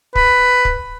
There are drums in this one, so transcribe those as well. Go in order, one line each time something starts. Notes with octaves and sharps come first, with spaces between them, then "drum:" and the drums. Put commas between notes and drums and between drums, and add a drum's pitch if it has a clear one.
B4, drum: kick
drum: kick